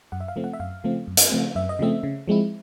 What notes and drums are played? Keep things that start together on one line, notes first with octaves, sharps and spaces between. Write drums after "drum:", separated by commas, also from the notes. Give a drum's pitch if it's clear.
F#2 F#5
E5
F5
C#3 F3 A3 C4
F#5
E5
F#2 F5
C#3 F3 A3 C4
F#2
drum: hi-hat
C#3 F3 A3 C4
F#2 E5
D#5
C#3 F3 A3 C4 E5
C#3
F3 G#3 C4 E4